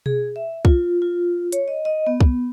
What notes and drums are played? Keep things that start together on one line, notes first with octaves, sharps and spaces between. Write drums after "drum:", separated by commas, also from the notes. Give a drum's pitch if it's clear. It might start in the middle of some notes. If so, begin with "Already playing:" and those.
G#4, drum: tom B2
E5
F4, drum: kick
F4
C#5, drum: hi-hat
D#5
D#5
B3
drum: kick